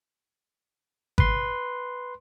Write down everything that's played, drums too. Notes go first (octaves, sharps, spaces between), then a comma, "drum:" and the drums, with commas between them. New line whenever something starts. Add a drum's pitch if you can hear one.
B4 C6, drum: kick G#1